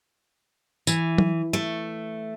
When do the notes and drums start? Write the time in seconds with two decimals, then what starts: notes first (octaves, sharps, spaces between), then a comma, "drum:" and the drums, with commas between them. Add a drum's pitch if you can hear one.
0.87 E3, drum: tambourine
1.18 drum: tom F#3
1.53 A3